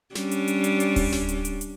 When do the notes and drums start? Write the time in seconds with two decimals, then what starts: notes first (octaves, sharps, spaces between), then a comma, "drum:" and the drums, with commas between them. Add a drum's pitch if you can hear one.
0.15 G3 C#4 D4, drum: snare
0.31 drum: hi-hat
0.48 drum: hi-hat
0.64 drum: hi-hat
0.80 drum: hi-hat
0.96 drum: kick D1, open hi-hat
1.12 drum: snare
1.29 drum: hi-hat
1.45 drum: hi-hat
1.61 drum: hi-hat